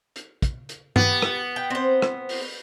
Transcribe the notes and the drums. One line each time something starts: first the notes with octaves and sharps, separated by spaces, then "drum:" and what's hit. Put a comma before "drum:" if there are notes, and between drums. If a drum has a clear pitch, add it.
drum: hi-hat
drum: kick, hi-hat
drum: hi-hat
B3 G4, drum: tom G2
drum: rim click
G5
C4 C5
drum: rim click
drum: open hi-hat